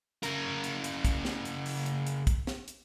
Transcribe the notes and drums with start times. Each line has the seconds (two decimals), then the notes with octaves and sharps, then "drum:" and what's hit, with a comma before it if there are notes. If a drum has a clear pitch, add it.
0.23 C#3 A#4, drum: hi-hat
0.64 drum: hi-hat
0.84 drum: hi-hat
1.05 drum: kick, hi-hat
1.25 drum: snare
1.45 drum: hi-hat
1.66 drum: open hi-hat
1.86 drum: hi-hat
2.07 drum: hi-hat
2.27 drum: kick, hi-hat
2.47 drum: snare
2.68 drum: hi-hat